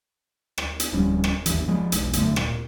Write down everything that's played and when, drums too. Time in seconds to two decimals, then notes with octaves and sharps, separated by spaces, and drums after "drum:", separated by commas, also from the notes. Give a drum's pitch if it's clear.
0.58 drum: rim click
0.80 drum: hi-hat
0.93 D1 F3 G3 C#4
1.24 drum: rim click
1.46 G1 D#2 E3, drum: hi-hat
1.68 F3 G#3
1.92 E1 B1, drum: hi-hat
2.13 E1 F#2 D3 A3, drum: hi-hat
2.36 A#2, drum: rim click